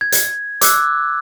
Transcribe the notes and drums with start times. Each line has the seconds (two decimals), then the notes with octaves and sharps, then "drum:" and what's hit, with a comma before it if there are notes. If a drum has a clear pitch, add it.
0.01 G#6
0.12 drum: hi-hat
0.61 D6 E6 F#6, drum: hi-hat